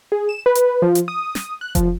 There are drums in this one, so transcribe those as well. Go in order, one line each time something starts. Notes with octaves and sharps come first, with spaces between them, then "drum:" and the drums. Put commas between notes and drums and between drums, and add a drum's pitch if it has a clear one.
G#4
E7
B4
drum: hi-hat
F3
drum: hi-hat
D#6
drum: snare
F#6
F3, drum: kick F1, hi-hat